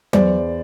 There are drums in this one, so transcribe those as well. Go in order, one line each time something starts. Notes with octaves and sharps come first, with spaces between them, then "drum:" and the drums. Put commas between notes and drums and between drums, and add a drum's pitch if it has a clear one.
E2 C5 D5, drum: tom F#3